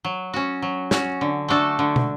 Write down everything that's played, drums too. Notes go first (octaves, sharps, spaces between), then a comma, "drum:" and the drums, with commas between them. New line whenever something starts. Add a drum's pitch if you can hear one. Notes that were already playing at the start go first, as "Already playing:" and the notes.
F#3
C#4 F#4
F#3
C#4 F#4, drum: snare
D3
A3 D4 F#4 A4
D3
drum: tom